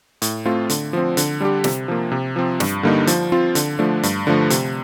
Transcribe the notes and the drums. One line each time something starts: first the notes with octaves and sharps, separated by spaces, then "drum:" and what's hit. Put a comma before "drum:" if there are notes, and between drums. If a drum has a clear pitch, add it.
A2, drum: hi-hat
A3 C4 F4
D3, drum: hi-hat
F3 C4
D3, drum: hi-hat
G3 D4 G4
C3, drum: snare
F3 A#3
C3
F3 C4
G2, drum: snare
D3 G3 A#3 D#4
F3, drum: hi-hat
C4 F4
D3, drum: hi-hat
F3 A3 D4
G2, drum: hi-hat
D3 F3 A3
C3, drum: hi-hat